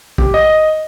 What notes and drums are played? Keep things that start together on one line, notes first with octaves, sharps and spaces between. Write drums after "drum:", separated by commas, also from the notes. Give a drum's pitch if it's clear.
G4, drum: kick
D#5